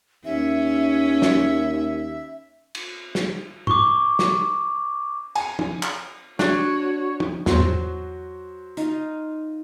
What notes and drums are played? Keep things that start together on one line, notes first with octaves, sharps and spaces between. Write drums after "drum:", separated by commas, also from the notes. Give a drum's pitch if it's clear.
D#2 C#4 E5
drum: snare
drum: cymbal
drum: snare
C#6 D6, drum: tom G#2
drum: snare
G#5, drum: cymbal
drum: tom
drum: clap
D4 F#4 C#5, drum: snare
drum: tom
E2 F#3 F#4 C5, drum: snare
drum: tom G#2
D#4 F4 F5, drum: hi-hat